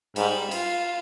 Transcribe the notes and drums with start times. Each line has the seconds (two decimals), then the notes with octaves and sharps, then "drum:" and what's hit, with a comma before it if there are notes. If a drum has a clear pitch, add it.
0.16 G#2 G3, drum: cymbal
0.51 F4, drum: cymbal